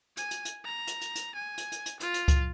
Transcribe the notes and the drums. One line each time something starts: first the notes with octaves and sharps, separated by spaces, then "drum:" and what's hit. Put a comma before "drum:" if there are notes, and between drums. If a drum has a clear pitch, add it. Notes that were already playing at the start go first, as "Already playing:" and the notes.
G#5, drum: hi-hat
drum: hi-hat
drum: hi-hat
A#5
drum: hi-hat
drum: hi-hat
drum: hi-hat
G#5
drum: hi-hat
drum: hi-hat
drum: hi-hat
F4, drum: hi-hat
drum: hi-hat
drum: kick C#2, hi-hat